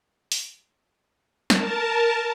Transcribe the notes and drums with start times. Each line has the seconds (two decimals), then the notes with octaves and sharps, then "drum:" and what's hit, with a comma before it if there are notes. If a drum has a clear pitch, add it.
0.32 drum: open hi-hat
1.50 A#4 A5, drum: snare